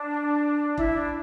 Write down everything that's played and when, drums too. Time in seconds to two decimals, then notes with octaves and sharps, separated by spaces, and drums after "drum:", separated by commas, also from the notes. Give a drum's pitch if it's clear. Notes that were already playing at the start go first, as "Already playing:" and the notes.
Already playing: D4
0.78 E4, drum: kick E1
0.93 D4